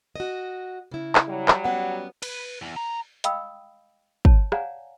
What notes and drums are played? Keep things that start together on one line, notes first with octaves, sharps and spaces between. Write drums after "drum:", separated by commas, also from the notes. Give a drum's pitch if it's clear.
F#4 D#5
C#3 E4
drum: clap
F#3 G3
drum: clap
B3 C#4 F#5
B4, drum: cymbal
E2
A#5
D#5 F5 G5 B5 D#6 E6, drum: hi-hat
C#5 A5, drum: kick
C#5 D5 F5 F#5 G#5 A#5, drum: rim click